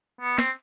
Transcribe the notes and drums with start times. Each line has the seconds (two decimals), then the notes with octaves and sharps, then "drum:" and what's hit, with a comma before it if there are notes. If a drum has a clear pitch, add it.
0.21 B3
0.38 C4, drum: snare